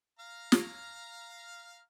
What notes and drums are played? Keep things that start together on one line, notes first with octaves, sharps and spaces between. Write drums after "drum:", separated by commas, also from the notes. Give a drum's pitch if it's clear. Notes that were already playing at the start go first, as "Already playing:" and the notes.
F5 A#5 F6
drum: snare